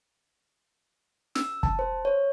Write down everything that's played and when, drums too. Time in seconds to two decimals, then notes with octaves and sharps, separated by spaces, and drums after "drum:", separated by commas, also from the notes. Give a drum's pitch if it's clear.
1.35 E6, drum: snare
1.63 A5, drum: kick
1.79 C5
2.05 C#5